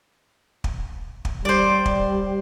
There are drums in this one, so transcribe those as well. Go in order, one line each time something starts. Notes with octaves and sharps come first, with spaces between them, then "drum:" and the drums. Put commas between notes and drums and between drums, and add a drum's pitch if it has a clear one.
drum: kick
drum: kick
G3 C5 D5
drum: kick